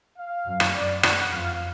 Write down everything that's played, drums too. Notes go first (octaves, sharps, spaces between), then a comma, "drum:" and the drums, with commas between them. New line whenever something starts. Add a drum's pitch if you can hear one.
F5
F#2
drum: rim click
F#2 D5
F#5, drum: rim click
F2 F5